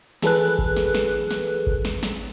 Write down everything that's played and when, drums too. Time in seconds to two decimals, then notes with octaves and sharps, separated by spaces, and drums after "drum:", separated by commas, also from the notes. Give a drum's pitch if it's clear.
0.22 E3 G#4 A4 B4 F#6, drum: snare
0.58 drum: kick G#1
0.77 drum: snare
0.95 drum: snare
1.31 drum: snare
1.67 drum: kick G#1
1.85 drum: snare
2.03 drum: snare